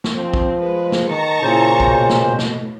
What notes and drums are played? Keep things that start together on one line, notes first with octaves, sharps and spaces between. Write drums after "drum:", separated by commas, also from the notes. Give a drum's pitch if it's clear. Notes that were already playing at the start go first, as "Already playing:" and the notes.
drum: snare
F3 C4
drum: kick
G#3 B4
drum: snare
D#3 A5 A#5 C#6
A#2 C#3 E4 C5
B2, drum: kick
drum: snare
A2
drum: snare